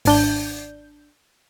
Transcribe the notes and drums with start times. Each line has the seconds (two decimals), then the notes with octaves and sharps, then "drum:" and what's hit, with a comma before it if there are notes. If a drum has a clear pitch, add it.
0.05 G#1 D4 G6, drum: open hi-hat